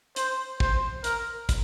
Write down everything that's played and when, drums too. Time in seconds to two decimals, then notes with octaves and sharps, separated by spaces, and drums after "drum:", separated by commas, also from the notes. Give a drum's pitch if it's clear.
0.16 C5, drum: hi-hat
0.60 C5, drum: kick
1.04 A#4, drum: hi-hat
1.49 drum: kick, hi-hat